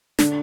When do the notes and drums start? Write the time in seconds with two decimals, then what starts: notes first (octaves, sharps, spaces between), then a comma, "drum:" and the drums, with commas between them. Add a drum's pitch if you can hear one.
0.19 D3 D4, drum: snare